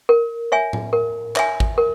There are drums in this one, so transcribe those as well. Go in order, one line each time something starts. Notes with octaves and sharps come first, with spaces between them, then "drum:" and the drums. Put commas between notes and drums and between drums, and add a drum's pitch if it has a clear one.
A#4
C#5 E5 G#5
drum: tom A2
A#4
C#5 E5 G#5, drum: clap
drum: kick
A#4